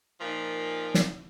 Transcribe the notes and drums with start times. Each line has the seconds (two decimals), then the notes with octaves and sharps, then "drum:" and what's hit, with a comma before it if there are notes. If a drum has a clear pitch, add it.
0.21 A#2 F3 D#4 A#4
0.94 drum: snare